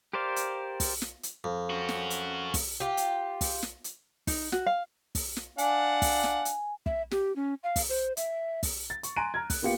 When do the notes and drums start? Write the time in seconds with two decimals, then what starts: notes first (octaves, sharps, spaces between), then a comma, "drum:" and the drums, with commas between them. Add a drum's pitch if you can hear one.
0.13 G4 A#4 C5 D5 F5
0.36 drum: hi-hat
0.80 drum: kick, open hi-hat
1.02 drum: snare
1.23 drum: hi-hat
1.44 F2
1.70 C#4 F#4
1.89 drum: snare
2.10 drum: hi-hat
2.54 drum: kick, open hi-hat
2.80 F4 G4
2.97 drum: hi-hat
3.41 drum: kick, open hi-hat
3.63 drum: snare
3.84 drum: hi-hat
4.27 D#4, drum: kick, open hi-hat
4.52 F#4, drum: snare
4.66 F5
5.15 drum: kick, open hi-hat
5.36 drum: snare
5.58 D4 F5 F#5 G#5, drum: hi-hat
6.02 drum: kick, open hi-hat
6.23 drum: snare
6.45 drum: hi-hat
6.86 E5, drum: kick
7.11 G4, drum: snare
7.36 C#4
7.63 F5
7.76 drum: kick, open hi-hat
7.89 C5
8.17 E5, drum: hi-hat
8.63 drum: kick, open hi-hat
8.90 A6
9.03 C#6, drum: hi-hat
9.16 G#5 A#5 C6 F#6 D7 D#7
9.34 A#5 F6 G#6
9.50 F#6, drum: kick, open hi-hat
9.62 A#3 B3 F4 G4 F5 C#7